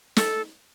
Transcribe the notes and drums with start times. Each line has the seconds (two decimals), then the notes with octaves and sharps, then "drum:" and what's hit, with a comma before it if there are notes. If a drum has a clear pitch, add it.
0.16 A4, drum: snare